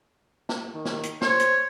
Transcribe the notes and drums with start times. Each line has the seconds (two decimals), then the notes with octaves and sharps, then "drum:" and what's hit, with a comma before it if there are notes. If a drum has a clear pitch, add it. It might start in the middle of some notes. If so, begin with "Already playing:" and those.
0.49 drum: snare
0.74 D#3
0.85 drum: snare
1.03 drum: hi-hat
1.21 C5 C#5, drum: snare
1.40 drum: hi-hat